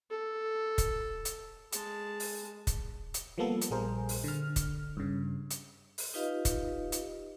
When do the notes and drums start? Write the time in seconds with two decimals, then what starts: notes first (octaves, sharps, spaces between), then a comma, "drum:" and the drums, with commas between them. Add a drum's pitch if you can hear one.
0.10 A4
0.78 drum: kick, hi-hat
1.25 drum: hi-hat
1.72 G#3 A5, drum: hi-hat
2.20 drum: open hi-hat
2.67 drum: kick, hi-hat
3.14 drum: hi-hat
3.38 F3 G3 A#3 B3 A4
3.62 drum: hi-hat
3.71 A#1 G3 G#4 A#4 C5
4.09 drum: open hi-hat
4.24 D3 F6
4.56 drum: kick, hi-hat
4.97 G2 C#3
5.51 drum: hi-hat
5.98 drum: open hi-hat
6.14 D#4 F4 G4 B4 D#5 F5
6.45 drum: kick, hi-hat
6.92 drum: hi-hat